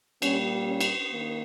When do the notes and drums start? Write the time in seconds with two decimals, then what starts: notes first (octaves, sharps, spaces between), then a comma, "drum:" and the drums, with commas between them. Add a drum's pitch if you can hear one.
0.22 A#2 G3 A#3 C#4, drum: cymbal
0.65 C#4
0.81 drum: cymbal
1.09 D#3 A#3